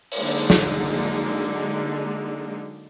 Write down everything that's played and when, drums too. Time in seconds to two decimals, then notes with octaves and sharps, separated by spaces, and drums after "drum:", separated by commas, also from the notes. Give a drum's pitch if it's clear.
0.12 drum: open hi-hat
0.21 D3 F#3 G#3 A#3 D#4
0.50 drum: snare